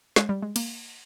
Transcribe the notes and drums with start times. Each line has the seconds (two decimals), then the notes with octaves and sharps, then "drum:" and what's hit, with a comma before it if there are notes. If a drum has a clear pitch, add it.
0.16 G#3, drum: snare
0.29 G3
0.42 G#3
0.56 A#3, drum: cymbal